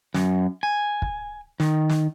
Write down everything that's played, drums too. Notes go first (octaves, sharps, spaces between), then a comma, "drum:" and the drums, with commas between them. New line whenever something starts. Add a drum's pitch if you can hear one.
F#2, drum: snare
G#5
drum: kick
D#3, drum: snare
drum: snare